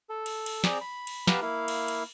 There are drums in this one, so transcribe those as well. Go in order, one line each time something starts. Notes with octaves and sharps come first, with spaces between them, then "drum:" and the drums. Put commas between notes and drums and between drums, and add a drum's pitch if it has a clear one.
A4
drum: cymbal
drum: cymbal
C4 G#4 D5 G5 A#5, drum: snare
B5
drum: cymbal
B3 G4 B4 F5 A5 A#5, drum: snare
A#3 E4 F5
drum: cymbal
drum: cymbal